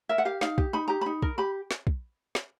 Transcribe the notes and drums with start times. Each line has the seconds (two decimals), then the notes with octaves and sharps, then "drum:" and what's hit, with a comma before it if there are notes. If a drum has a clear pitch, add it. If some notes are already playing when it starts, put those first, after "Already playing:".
0.09 A#4 E5
0.18 F#5
0.25 G4 F5
0.41 D#4 F5, drum: snare
0.58 G4, drum: kick
0.73 D#4 B5
0.88 G4 A#5
1.01 D#4 B5
1.22 A#4, drum: kick
1.38 G4 B5
1.71 drum: snare
1.87 drum: kick
2.35 drum: snare